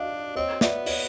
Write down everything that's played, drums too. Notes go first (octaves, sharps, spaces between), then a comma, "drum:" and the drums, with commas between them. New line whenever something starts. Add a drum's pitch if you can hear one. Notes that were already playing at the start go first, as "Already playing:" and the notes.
Already playing: D4 D#5 F5
C4 C#5 D#5
B3 D5 E5, drum: snare
C#5 D#5, drum: open hi-hat